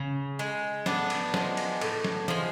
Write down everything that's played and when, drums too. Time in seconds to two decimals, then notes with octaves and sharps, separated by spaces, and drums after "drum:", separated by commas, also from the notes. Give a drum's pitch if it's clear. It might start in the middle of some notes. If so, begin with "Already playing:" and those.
Already playing: C#3
0.39 G#3
0.86 A2 B3 D4, drum: snare
1.10 drum: cymbal
1.34 F3 G#3, drum: snare
1.57 drum: cymbal
1.81 A2, drum: cymbal
2.04 drum: snare
2.28 F3 G#3, drum: tom E3